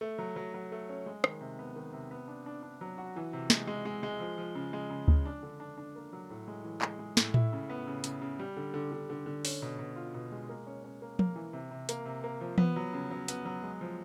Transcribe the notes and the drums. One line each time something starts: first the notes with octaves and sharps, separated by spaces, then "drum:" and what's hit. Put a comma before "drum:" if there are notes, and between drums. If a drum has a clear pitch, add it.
A3
F#3
F#3
F#3
A3
C#4
G#3
D#3, drum: rim click
C3
B3
D#3
C3
B3
D4
D4
D4
F#3
F#4
E3
C3
G#3, drum: snare
G#3
G#3
G#3
F3
F3
C#3
G#3
C#3
C#3, drum: kick D2
D4
D3
D4
D4
A#3
F#3
A2
G#3
E3
G#3, drum: clap
G#3
A2, drum: snare
E4, drum: tom A2
C#3
B3
C#3
C#3, drum: hi-hat
C#3
G3
D3
D3
D3
D3
D3
C#4, drum: open hi-hat
B2
B2
F4
B2
G#3
A#3
C#4
C#4
A#3
A#3, drum: tom F3
E3
C3
C3
A#3, drum: hi-hat
C3
A#3
F3
B3, drum: tom E3
F#3
C#3
F#3
B3, drum: hi-hat
F#3
G#3
F3